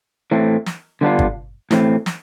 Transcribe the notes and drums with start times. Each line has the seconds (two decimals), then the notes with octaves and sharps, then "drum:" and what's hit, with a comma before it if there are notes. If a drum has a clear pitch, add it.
0.31 A2 E3 A3 C4
0.66 drum: snare
1.01 D3 G3 B3 D4 F4
1.19 drum: kick
1.71 A2 E3 A3 C4, drum: snare
2.06 drum: snare